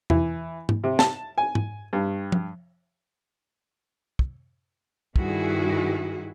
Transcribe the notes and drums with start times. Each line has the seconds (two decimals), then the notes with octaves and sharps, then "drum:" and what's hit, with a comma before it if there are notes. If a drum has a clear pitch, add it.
0.10 E3, drum: tom E2
0.69 drum: tom G#2
0.84 C3
0.99 A5, drum: snare
1.38 G#5
1.55 drum: tom G#2
1.93 G2
2.32 drum: tom
4.19 drum: kick
5.16 G2 D#3 E4 F#4 G#4, drum: kick